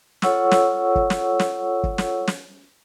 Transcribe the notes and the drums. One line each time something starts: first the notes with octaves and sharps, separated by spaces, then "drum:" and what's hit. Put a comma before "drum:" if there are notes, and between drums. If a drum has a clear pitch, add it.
F4 A4 C#5 F#5 C#6 E6, drum: snare
drum: snare
drum: kick
drum: snare
drum: snare
drum: kick
drum: snare
drum: snare